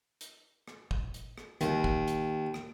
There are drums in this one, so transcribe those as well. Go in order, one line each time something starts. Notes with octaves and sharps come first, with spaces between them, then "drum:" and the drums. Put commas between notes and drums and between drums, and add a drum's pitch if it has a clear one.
drum: hi-hat
drum: rim click
drum: kick
drum: hi-hat
drum: rim click
D#2, drum: hi-hat
drum: kick
drum: hi-hat
drum: rim click